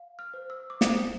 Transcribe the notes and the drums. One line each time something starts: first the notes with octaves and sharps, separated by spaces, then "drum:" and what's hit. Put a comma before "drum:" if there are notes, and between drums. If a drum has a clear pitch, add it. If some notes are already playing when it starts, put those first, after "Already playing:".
Already playing: F5
F6
C5
E6
D6
C5 D#6, drum: snare